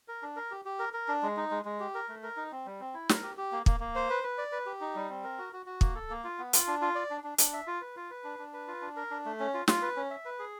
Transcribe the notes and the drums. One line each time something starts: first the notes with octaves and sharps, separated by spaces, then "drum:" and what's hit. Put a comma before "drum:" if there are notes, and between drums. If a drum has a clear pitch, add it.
A#4
D4
A#4
G4
G4
A#4
A#4
D4
G#3
D#4
G#3
G#3
G4
A#4
A3
A#4
D#4
C4
G3
C4
E4
A#4, drum: snare
G4
G4
A#3
A#3, drum: kick
A#3
C5
B4
B4
D5
B4
G4
D#4
G3
C4
A#4
F#4
F#4
F#4
A#3, drum: kick
A4
A#3
F4
B3
F4, drum: hi-hat
D4
F4
D5
D4
D4
D4, drum: hi-hat
E5
F4
B4
F4
B4
D4
D4
B4
F4
D4
A#4
D4
A3
C#4
F4
F4, drum: snare
B4
C#4
E5
B4
G#4